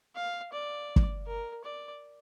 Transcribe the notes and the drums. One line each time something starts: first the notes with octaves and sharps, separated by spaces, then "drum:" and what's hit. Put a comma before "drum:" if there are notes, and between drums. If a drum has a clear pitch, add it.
F5
D5
drum: kick
A#4
D5